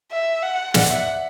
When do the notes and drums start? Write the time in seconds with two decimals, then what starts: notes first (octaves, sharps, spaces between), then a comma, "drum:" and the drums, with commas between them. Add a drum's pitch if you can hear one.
0.12 E5
0.43 F#5
0.74 D5 F#5, drum: snare
0.90 E5
1.07 F#5